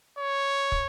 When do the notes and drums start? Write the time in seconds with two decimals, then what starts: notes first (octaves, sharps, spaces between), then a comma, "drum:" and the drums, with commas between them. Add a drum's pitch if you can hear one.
0.19 C#5
0.72 drum: kick